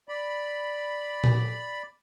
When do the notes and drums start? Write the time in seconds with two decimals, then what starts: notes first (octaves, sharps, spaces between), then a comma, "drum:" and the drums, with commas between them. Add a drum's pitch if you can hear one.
0.09 D5 B5
1.24 drum: tom A#2